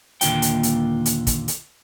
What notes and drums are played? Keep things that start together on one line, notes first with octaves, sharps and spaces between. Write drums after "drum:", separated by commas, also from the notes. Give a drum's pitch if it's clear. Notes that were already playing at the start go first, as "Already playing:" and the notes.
D#2 A#2 D3 F4 G5, drum: hi-hat
drum: hi-hat
drum: hi-hat
drum: hi-hat
drum: kick, hi-hat
drum: hi-hat